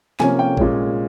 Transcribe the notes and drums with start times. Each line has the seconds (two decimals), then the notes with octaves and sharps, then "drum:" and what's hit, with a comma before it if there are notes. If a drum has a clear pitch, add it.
0.20 C3 F3 A#3 C#4 G#5, drum: snare
0.39 G5
0.57 A#2 G#3 C#4, drum: kick A1